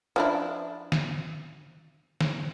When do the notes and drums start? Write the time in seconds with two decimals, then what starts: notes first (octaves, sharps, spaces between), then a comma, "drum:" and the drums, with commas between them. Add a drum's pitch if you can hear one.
0.16 F3 D4 E4
0.92 drum: snare
2.21 drum: snare